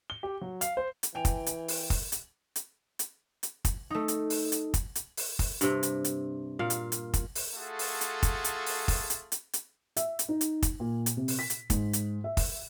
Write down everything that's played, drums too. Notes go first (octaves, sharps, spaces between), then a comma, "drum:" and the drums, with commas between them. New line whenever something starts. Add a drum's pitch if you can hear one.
G7
G4
F#3
F5, drum: hi-hat
C5
drum: hi-hat
E3 G5 G#5 F7
drum: kick, hi-hat
drum: hi-hat
drum: open hi-hat
drum: kick, open hi-hat
drum: hi-hat
drum: hi-hat
drum: hi-hat
drum: hi-hat
drum: kick, hi-hat
A3 D#4
drum: hi-hat
drum: open hi-hat
drum: hi-hat
drum: kick, hi-hat
drum: hi-hat
drum: open hi-hat
drum: kick, open hi-hat
G2 C3, drum: hi-hat
drum: hi-hat
drum: hi-hat
A#2 F5
drum: hi-hat
drum: hi-hat
drum: kick, hi-hat
drum: open hi-hat
A3 F4 F#4 G#4 A4
drum: open hi-hat
drum: hi-hat
drum: kick, hi-hat
drum: hi-hat
drum: open hi-hat
drum: kick, open hi-hat
drum: hi-hat
drum: hi-hat
drum: hi-hat
E5, drum: hi-hat
drum: hi-hat
D#4
drum: hi-hat
drum: kick, hi-hat
A#2
drum: hi-hat
C3
drum: open hi-hat
B6
drum: hi-hat
G#2, drum: kick, hi-hat
drum: hi-hat
E5
drum: kick, open hi-hat